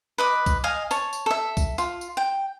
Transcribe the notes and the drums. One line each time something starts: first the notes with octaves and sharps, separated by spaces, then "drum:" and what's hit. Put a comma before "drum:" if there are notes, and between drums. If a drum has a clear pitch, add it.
B4 D#5 D6
drum: kick B1, tambourine
D#5 F5 G#5
C#5 A5, drum: tambourine
drum: tambourine
A4 E5
drum: kick B1, tambourine
F4, drum: tambourine
drum: tambourine
G5